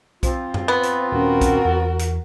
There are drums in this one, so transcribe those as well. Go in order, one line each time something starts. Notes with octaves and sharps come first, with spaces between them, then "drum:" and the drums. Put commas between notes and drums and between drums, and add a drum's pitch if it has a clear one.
F3 C4 F4, drum: kick B1, hi-hat
drum: tom F#2
B3
drum: hi-hat
D#1 C#4 F#4 A#4
drum: kick B1, hi-hat
E2
drum: hi-hat